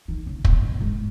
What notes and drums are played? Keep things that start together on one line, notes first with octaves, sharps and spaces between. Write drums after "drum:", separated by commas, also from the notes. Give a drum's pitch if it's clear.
D#3
C#3
B2, drum: kick
C#3
G#2